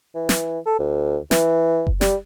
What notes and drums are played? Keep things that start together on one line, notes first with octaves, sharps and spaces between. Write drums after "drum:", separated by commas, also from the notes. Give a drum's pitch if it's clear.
E3
drum: snare
A4
D2
E3, drum: snare
drum: kick F#1
G3, drum: snare